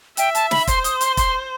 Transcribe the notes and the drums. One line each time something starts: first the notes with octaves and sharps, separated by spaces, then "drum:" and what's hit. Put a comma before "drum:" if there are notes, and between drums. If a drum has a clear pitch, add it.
E5 G5, drum: hi-hat
A5, drum: hi-hat
B5, drum: snare
C5 C6, drum: kick, hi-hat
D#6, drum: hi-hat
C6, drum: hi-hat
C6, drum: kick, hi-hat